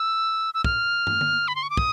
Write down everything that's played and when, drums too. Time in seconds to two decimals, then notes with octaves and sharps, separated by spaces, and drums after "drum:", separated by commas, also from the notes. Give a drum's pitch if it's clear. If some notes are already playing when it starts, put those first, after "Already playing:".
Already playing: E6
0.54 E6
0.64 F6, drum: kick
1.07 drum: tom
1.21 drum: tom D3
1.48 B5
1.56 C6
1.63 C#6
1.70 D6
1.77 D#6, drum: kick